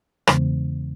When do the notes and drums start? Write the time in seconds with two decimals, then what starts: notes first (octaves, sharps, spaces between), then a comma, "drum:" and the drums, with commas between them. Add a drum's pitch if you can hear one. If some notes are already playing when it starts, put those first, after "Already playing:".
0.27 E2 C#3 E3 G#3 B3, drum: rim click